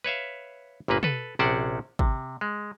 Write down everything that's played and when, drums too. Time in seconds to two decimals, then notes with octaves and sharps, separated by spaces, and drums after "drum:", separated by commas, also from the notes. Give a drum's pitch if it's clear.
0.04 B4 C#5 E5 F5
0.88 G1 A#2 A#3 B4
1.03 A4 B4, drum: tom
1.39 A#1 C3 C#4 C5 D5 F#5
1.99 C3, drum: kick
2.41 G#3